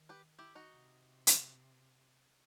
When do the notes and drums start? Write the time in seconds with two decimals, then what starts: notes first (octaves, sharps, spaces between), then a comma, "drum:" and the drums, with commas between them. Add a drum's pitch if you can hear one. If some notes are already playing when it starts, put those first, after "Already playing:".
Already playing: D#3
0.09 G4 B4
0.39 E4 G4
0.55 D#4 F#4
0.72 C3
1.27 drum: hi-hat